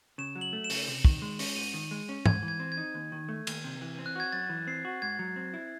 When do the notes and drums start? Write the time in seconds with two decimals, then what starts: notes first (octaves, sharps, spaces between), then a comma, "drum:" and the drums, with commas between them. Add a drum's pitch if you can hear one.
0.18 C#3 E7
0.35 F#3
0.41 F#7
0.53 A3
0.64 E7
0.70 C#3, drum: open hi-hat
0.88 C3
1.05 D#3, drum: kick
1.22 G#3
1.39 C#4, drum: open hi-hat
1.56 G#2 D#7
1.74 D#3
1.91 G#3
2.09 C#4
2.26 G#2 G#6, drum: tom
2.43 E3
2.48 G#6
2.60 C4
2.72 G#6
2.77 D#4
2.94 D#2
3.12 D#3
3.29 A3
3.47 D#2, drum: cymbal
3.64 C3
3.81 E3
3.99 C4
4.06 F#6
4.16 F#4 G#6
4.32 F#2 A6
4.49 E3
4.67 C4 C7
4.85 F#4
5.02 G#2 G#6
5.19 F#3
5.36 C4
5.54 E4